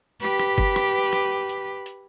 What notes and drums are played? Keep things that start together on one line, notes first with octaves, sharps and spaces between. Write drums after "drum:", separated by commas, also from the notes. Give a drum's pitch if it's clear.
G4 B4
drum: rim click
drum: kick F#1
drum: rim click
drum: rim click
drum: hi-hat
drum: hi-hat